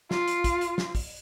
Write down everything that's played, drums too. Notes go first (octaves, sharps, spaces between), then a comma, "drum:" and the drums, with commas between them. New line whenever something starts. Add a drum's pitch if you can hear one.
F4, drum: snare
drum: hi-hat
drum: kick, hi-hat
drum: hi-hat
drum: snare
drum: kick, open hi-hat